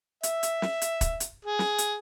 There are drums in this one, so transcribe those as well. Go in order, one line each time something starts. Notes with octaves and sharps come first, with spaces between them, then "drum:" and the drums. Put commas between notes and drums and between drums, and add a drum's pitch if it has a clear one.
E5, drum: hi-hat
drum: hi-hat
drum: snare
drum: hi-hat
drum: kick, hi-hat
drum: hi-hat
G#4
drum: snare
drum: hi-hat